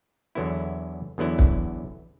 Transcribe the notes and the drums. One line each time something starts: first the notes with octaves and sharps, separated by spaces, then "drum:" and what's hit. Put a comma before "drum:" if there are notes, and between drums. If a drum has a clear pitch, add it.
E2 D3 F#3 B3 E4
E2 D3 F#3 B3 E4
drum: kick